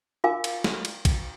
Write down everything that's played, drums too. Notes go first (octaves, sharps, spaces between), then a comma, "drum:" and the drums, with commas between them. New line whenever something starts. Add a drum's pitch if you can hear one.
F4 A#4 F5 G#5 D6
drum: cymbal
drum: snare
drum: cymbal
drum: kick A#1, cymbal